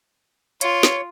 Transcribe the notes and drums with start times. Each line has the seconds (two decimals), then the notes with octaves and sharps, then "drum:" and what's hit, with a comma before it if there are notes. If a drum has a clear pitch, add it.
0.61 F4 C#5, drum: hi-hat
0.83 drum: snare